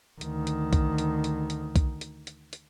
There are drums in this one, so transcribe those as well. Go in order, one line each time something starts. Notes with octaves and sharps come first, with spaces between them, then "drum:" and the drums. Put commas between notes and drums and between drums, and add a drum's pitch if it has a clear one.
D2 D#3, drum: hi-hat
drum: hi-hat
drum: kick B1, hi-hat
drum: hi-hat
drum: hi-hat
drum: hi-hat
drum: kick B1, hi-hat
drum: hi-hat
drum: hi-hat
drum: hi-hat